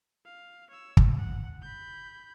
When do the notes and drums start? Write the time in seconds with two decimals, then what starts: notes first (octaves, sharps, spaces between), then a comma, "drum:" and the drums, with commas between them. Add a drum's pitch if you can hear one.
0.25 F5
0.70 C#5 E6
0.97 drum: kick
1.18 F#5
1.62 B5 G6